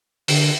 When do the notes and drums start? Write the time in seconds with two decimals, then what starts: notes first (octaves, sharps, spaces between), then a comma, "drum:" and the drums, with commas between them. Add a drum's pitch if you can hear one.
0.28 D3, drum: open hi-hat